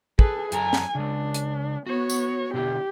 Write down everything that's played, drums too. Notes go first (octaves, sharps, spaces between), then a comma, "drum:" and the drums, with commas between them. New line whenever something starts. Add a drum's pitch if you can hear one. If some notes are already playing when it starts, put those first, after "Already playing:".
G#4 A4 B4, drum: kick
F#2 A4 G#5 A#5, drum: hi-hat
drum: snare
C#3 G#3 D4
drum: hi-hat
B3 F#4 C#5
drum: tambourine
B2 D3 E4 G4